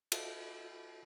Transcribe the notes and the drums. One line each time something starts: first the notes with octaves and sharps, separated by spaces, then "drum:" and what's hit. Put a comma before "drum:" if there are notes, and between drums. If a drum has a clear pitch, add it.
F4 F#4 A4 D#5 E5, drum: cymbal